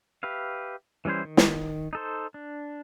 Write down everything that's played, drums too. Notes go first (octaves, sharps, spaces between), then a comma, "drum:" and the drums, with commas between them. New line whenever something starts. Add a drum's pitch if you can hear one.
G4 B4 E5 F5
E3 G3 C#4 E4 C5
D#3
drum: snare
D#4 A4 C5
D4